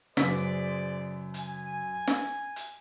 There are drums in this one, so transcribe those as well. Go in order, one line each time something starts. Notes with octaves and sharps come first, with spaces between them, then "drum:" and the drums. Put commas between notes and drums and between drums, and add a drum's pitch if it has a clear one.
F#2 C#3 G#4 B4 C5 D5 B6, drum: snare
G#5, drum: hi-hat
drum: snare
drum: hi-hat